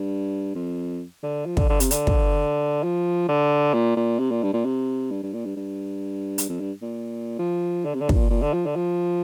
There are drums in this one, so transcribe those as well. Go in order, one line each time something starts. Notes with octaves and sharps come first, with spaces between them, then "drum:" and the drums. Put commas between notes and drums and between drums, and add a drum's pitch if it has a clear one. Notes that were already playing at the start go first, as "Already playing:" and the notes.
Already playing: G2
F2
D3
F3
D3, drum: kick
D3
C3, drum: hi-hat
D3, drum: hi-hat
drum: kick
F3
D3
A#2
A#2
C3
A#2
G2
A#2
C3
G2
G2
A#2
G2
G2
drum: hi-hat
F2
G2
A#2
F3
D3
C3
D3
G2, drum: kick
A#2
A#2
D3
F3
D3
F3